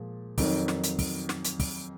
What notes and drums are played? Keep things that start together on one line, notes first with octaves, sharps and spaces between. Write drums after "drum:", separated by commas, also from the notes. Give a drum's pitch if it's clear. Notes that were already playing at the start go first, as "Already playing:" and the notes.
Already playing: A#2 F3 G#3
F2 D#3 F#3, drum: kick, open hi-hat
drum: snare
drum: hi-hat
drum: kick, open hi-hat
drum: snare
drum: hi-hat
drum: kick, open hi-hat